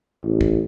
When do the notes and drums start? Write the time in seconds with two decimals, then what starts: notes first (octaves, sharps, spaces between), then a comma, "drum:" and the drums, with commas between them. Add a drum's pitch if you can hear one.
0.24 A1
0.41 drum: kick